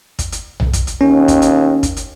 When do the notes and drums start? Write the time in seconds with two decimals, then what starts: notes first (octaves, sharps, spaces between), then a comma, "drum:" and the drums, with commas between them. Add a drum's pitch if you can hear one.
0.19 drum: kick, hi-hat
0.32 drum: hi-hat
0.60 drum: tom B1
0.73 drum: kick, hi-hat
0.87 drum: hi-hat
1.01 D#2 C#4
1.28 drum: kick, hi-hat
1.42 drum: hi-hat
1.83 drum: kick, hi-hat
1.97 drum: hi-hat